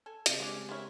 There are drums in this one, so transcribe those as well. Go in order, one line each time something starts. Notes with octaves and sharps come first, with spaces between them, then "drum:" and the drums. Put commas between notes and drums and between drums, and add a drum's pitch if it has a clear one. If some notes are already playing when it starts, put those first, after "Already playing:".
A4 G#5
C#3 C4 G4 G#4 D#5, drum: hi-hat
G#3 C#4 D4
B3 C4 E4 A#4 C#5